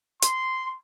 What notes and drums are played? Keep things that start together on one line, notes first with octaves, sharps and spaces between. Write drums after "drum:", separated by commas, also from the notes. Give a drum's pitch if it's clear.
C6, drum: hi-hat